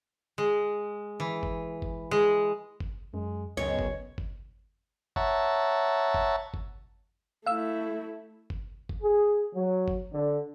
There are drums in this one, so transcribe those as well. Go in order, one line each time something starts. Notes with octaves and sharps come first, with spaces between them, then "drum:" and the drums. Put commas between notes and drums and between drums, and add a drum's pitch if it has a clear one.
G#3
E3
drum: kick G1
drum: kick G1
G#3
drum: kick G1
F#2 G#3
C#2 F#2 B2 D#3 G#3 C#5
drum: kick G1
drum: kick G1
C#5 E5 F#5 A5 A#5, drum: kick G1
drum: kick G1
drum: kick G1
A3 E4 F5 E6
drum: kick G1
drum: kick G1
G#4
F#3
drum: kick G1
D3